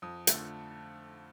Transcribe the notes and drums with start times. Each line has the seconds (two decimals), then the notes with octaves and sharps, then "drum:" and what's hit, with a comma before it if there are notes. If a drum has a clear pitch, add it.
0.02 F2 D#6
0.27 D3 F3 A3, drum: hi-hat